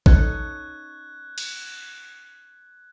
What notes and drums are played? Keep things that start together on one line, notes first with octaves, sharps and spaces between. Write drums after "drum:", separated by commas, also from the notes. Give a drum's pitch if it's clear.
C#4 D#4 A4 F#6 G#6, drum: kick A1
drum: cymbal